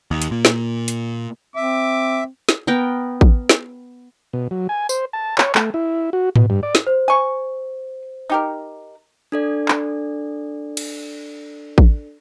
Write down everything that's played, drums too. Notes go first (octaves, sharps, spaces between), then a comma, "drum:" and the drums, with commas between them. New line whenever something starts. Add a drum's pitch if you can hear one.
D#2
drum: hi-hat
A#2
drum: snare
drum: hi-hat
C4 E5 D6
drum: snare
B3 A#4 G5
drum: kick A1
drum: snare
B2
F#3
G#5
C5, drum: tambourine
A5
C#5, drum: clap
A3, drum: clap
E4
F#4
B2, drum: tom G#2
G2
D5
drum: snare
C5
G#5 C#6
D#4 G4 A#4
D4 A4 D5
drum: clap
drum: cymbal
drum: kick A1